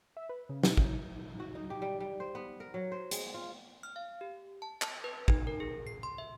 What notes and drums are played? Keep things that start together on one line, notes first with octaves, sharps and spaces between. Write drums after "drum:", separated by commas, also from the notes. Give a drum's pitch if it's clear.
E5
B4
C#3
B2, drum: snare
C#3, drum: kick
F#4
D#4
G4
G3
G3
C5
B3
A#4
F#3
C5
G#3, drum: hi-hat
F4
F6
F5
G4
A5
A5, drum: clap
B4
D#4, drum: kick
A#4
G#4
C7
C6
E5